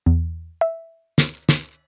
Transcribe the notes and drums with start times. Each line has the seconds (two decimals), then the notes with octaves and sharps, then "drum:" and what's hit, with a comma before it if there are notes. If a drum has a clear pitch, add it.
0.06 E2
0.61 E5
1.18 drum: snare
1.49 drum: snare